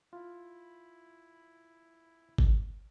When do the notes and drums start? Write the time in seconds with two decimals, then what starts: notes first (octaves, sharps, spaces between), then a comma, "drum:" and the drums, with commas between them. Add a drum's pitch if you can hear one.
0.13 E4 F4
2.38 drum: kick G#1